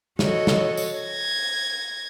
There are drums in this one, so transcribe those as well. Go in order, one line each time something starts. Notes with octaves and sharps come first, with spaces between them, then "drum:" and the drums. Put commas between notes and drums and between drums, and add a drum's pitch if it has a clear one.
F#4 A4 C#5 D#5, drum: snare
drum: snare
drum: tambourine
G#6 A#6